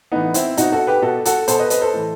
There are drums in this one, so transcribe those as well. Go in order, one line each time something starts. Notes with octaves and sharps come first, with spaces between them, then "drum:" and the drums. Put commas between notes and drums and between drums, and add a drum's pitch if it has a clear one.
A2 E3 B3 D#4
C4 E4, drum: hi-hat
B2 D#4 F#4, drum: hi-hat
F#4 A4
G4 B4
B2 F#4 A4
F#4 A4, drum: hi-hat
B2 A4 C5, drum: hi-hat
B4 D#5
B4 D#5, drum: hi-hat
A4 C5
A2 E3